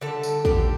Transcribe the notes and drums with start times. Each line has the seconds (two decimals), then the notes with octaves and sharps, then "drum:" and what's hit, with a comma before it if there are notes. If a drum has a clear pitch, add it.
0.01 D3 G3 A4
0.23 drum: tambourine
0.45 D3 G3 G4, drum: kick